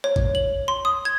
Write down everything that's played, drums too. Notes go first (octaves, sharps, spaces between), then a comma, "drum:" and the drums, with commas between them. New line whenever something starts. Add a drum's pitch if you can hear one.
C#5
drum: kick
F#7
C6
D#6
G#6